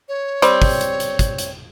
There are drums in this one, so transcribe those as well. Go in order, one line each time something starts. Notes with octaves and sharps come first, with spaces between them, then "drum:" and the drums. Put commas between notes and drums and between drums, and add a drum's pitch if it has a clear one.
C#5
G3 C4, drum: hi-hat
drum: kick, open hi-hat
drum: hi-hat
drum: hi-hat
drum: kick, hi-hat
drum: hi-hat